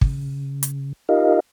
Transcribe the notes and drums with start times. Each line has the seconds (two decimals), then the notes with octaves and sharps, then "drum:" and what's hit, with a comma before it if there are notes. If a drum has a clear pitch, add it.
0.01 C#3, drum: kick
0.63 drum: hi-hat
1.09 D#4 F4 G4 A#4 D#5 F5